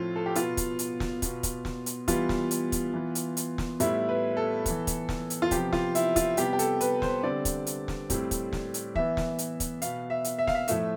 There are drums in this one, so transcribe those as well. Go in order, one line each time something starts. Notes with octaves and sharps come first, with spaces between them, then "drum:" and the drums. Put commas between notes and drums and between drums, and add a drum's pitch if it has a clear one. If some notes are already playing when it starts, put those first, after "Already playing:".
Already playing: A2 F3 A3 C4 F4
A4
G4
B2 B3 F4, drum: hi-hat
drum: kick, hi-hat
drum: hi-hat
drum: snare
B2 B3, drum: kick, hi-hat
drum: kick, hi-hat
drum: snare
drum: hi-hat
E3 G3 B3 F4, drum: kick, hi-hat
drum: snare
drum: hi-hat
drum: kick, hi-hat
E3 B3
drum: hi-hat
drum: hi-hat
drum: snare
A2 G3 B3 E4, drum: hi-hat
B4
A4
E3 B3, drum: kick, hi-hat
drum: kick, hi-hat
drum: snare
drum: hi-hat
F4
C3 F3 B3 G4, drum: kick, hi-hat
F4, drum: snare
E4, drum: hi-hat
F4, drum: kick, hi-hat
C3 G3 B3 G4, drum: hi-hat
G4
A4, drum: hi-hat
B4, drum: hi-hat
C5, drum: snare
D3 G3 C4 D5
drum: kick, hi-hat
drum: hi-hat
drum: snare
A2 G3 C4, drum: kick, hi-hat
drum: kick, hi-hat
drum: snare
drum: hi-hat
E3 B3 E5, drum: kick
drum: snare
drum: hi-hat
drum: kick, hi-hat
B2 B3 F5, drum: hi-hat
E5
drum: hi-hat
E5
F5, drum: snare
E5
A2 F3 A3 E5, drum: hi-hat